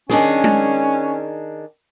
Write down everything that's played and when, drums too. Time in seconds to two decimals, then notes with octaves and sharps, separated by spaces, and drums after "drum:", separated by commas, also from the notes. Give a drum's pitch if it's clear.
0.10 D#3 C#4 D4 G#4, drum: snare
0.44 drum: tom G#3